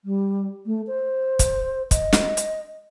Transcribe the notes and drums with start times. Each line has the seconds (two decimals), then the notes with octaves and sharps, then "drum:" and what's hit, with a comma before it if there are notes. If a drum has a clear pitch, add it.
0.05 G3
0.66 A3
0.87 C5
1.39 drum: kick, hi-hat
1.91 D#5, drum: kick, hi-hat
2.13 drum: snare
2.37 drum: hi-hat